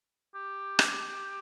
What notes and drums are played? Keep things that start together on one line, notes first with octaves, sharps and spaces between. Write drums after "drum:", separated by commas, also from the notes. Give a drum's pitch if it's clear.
G4
drum: rim click